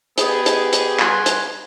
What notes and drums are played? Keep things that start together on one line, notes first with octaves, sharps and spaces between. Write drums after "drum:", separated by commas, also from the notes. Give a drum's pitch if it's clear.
B3 G4 G#4, drum: hi-hat
drum: hi-hat
drum: hi-hat
G3 B4 F#5 G#5 C6, drum: clap
drum: hi-hat